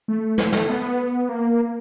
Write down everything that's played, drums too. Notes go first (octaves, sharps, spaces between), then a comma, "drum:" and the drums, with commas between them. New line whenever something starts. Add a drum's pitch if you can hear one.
A3
drum: snare
drum: snare
B3
A#3